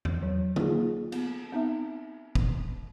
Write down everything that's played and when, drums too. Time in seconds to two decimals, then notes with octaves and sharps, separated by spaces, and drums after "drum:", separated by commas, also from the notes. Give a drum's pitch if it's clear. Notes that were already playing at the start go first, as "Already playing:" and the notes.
0.05 drum: tom E2
0.22 F#3
0.56 A#3 D#4 F4 G#4, drum: tom
1.12 B3, drum: cymbal
1.52 B3 C4 D#4 E5
2.35 drum: kick